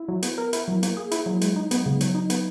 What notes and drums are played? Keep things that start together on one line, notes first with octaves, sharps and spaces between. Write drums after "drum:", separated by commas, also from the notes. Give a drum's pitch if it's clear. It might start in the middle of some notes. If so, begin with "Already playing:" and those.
Already playing: E4
F#3
B3, drum: hi-hat
A#4
E4, drum: hi-hat
F#3
A#3, drum: hi-hat
G#4
E4, drum: hi-hat
F#3
G#3, drum: hi-hat
D#4
B3, drum: hi-hat
C#3
F#3, drum: hi-hat
D#4
B3, drum: hi-hat